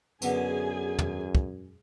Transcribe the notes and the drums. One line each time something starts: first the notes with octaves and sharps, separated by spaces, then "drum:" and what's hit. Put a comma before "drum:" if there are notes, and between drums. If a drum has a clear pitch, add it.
F#2 B2 D3 B3 G#4 G#5, drum: tambourine
drum: tom
drum: kick